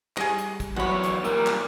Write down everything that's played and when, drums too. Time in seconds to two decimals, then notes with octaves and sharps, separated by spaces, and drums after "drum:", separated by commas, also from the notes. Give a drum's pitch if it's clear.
0.17 G3 G#4 D#5 A#6 D#7, drum: clap
0.38 drum: hi-hat
0.60 drum: kick, hi-hat
0.76 E2 F#3 F#4 C#5 B5 F#6
1.03 drum: hi-hat
1.24 A#2 G3 A#4 E6, drum: hi-hat
1.47 drum: clap